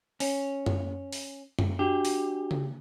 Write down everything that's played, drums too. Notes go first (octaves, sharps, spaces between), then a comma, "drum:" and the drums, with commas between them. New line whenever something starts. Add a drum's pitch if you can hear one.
C#4, drum: open hi-hat
drum: tom F#2
drum: open hi-hat
drum: tom F#2
D4 F#4 G4
drum: open hi-hat
drum: tom C#3